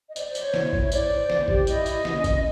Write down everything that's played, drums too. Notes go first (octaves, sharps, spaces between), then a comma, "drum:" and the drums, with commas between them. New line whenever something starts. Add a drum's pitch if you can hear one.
D#5
C5 D5, drum: tambourine
C5, drum: tambourine
C#5
E4, drum: snare
E4, drum: kick G#1
C#5
C5 D5, drum: tambourine
C5
C5, drum: snare
G4, drum: kick G#1
E4 D#5, drum: tambourine
E4, drum: tambourine
C#4, drum: snare
C#4, drum: kick G#1, tambourine